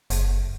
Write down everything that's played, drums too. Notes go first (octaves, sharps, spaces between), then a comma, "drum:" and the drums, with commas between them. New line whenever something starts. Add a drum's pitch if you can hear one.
F#1, drum: hi-hat